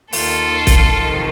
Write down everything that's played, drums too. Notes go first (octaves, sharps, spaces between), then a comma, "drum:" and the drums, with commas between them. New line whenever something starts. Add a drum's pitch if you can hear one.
D#2 D#3 F4 A4, drum: open hi-hat
drum: kick, hi-hat
F2 C3 D#3